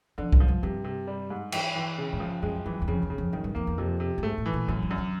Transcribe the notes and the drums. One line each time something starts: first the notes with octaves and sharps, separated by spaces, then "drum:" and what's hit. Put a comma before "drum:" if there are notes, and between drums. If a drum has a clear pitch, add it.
F2 D3
F#2, drum: kick C2
F3
G2
G2 C3
C3
G3
G#2
E3, drum: cymbal
E3
C#3
G#2
F3
F#2 G#3
F#2 E3
F#2
F2 C#3
E2
C#3
F2
F#2 D#3
G2
F2 A#3
E2
F2 C3
C3
G2
G#2 A3
A2
E3
A#2
F#2 A2
G#2
F#2
D3